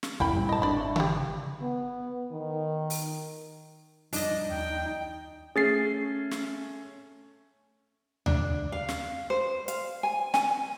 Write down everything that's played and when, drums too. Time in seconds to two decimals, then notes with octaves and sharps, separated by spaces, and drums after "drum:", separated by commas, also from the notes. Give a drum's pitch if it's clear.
0.03 drum: snare
0.20 E1 C#4 E4 G5 B5, drum: kick
0.33 F#2 A#2 G3 C4
0.49 G#2 D#5 A5
0.62 G#1 D4 D5 B5
0.76 E5 C#6
0.96 G#1 E4 G4, drum: tom C#3
1.62 B3
2.32 D#3
2.90 drum: open hi-hat
4.13 F#2 F3 G3 D4 D#4 D#5, drum: open hi-hat
4.51 D#2 G5
5.56 A3 C#4 G#4 A6 C7
6.31 drum: snare
8.26 D4, drum: tom D2
8.72 F5
8.89 drum: snare
9.30 C5
9.68 F5, drum: hi-hat
10.03 G#5
10.34 G#5, drum: snare